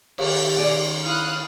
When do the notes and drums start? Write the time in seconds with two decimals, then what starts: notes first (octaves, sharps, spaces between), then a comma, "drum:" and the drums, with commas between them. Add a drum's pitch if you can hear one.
0.18 D#3 G4, drum: cymbal
0.58 C#4 G#4 D5
1.03 E4 F5 D#6 F#6